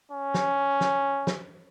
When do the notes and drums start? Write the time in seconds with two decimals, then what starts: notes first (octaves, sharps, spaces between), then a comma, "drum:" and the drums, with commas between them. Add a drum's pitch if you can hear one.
0.12 C#4
0.34 drum: snare
0.81 drum: snare
1.27 drum: snare